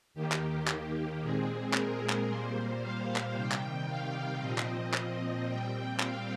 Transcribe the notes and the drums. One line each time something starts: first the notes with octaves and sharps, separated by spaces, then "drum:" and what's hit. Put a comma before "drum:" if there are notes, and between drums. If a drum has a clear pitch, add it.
D#2 D#3 A#3 G4
drum: clap
G4, drum: clap
A#2 G#3 C4 G#4
A#4, drum: clap
drum: clap
A#2 G3 A#3 C5
F5
drum: clap
C3 D#3 G3 G5
drum: clap
F5
A#2 F3 C4 D#5
drum: clap
drum: clap
A#2 G3 C4 G5
F5, drum: clap